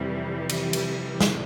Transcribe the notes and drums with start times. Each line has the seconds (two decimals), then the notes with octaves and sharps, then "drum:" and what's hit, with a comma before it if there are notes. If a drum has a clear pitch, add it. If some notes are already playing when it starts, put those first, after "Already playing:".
Already playing: F2 C3 E3 G3
0.49 drum: cymbal
0.73 drum: cymbal
1.21 drum: snare